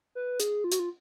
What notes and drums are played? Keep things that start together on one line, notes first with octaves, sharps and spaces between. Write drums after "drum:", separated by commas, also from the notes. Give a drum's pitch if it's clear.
B4
G#4, drum: hi-hat
F4
F#4, drum: hi-hat
F4